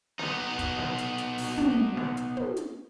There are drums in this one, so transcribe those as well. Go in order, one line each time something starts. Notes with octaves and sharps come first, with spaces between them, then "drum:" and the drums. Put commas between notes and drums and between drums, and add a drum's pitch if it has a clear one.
B3 D#4, drum: snare
drum: kick, hi-hat
drum: snare
drum: hi-hat
drum: hi-hat
drum: open hi-hat
drum: tom
drum: snare
drum: hi-hat
drum: tom
drum: hi-hat